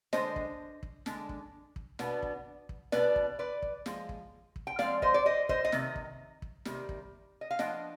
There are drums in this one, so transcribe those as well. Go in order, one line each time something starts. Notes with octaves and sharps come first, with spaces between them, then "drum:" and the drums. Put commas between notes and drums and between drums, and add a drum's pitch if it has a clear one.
D3 G#3 D4 C5 D#5, drum: snare
drum: kick
drum: kick
D3 G#3 D4, drum: snare
drum: kick
drum: kick
B2 B3 D4, drum: snare
drum: kick
drum: kick
B2 B3 D4 B4 D5, drum: snare
drum: kick
B4 D5
drum: kick
F3 G#3, drum: snare
drum: kick
drum: kick
G5
F3 G#3 C4 D5 F5, drum: snare
C5 D#5, drum: kick
D5
C5 D#5
C5 D#5, drum: kick
D#5
C3 D#3, drum: snare
drum: kick
drum: kick
C3 D#3 G3, drum: snare
drum: kick
D#5
F5
F3 B3 D4 D#5 G5, drum: snare